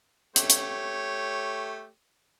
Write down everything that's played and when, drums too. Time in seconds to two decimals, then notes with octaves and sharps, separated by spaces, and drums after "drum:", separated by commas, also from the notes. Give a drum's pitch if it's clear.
0.36 A3 G4 C#5, drum: hi-hat
0.50 drum: hi-hat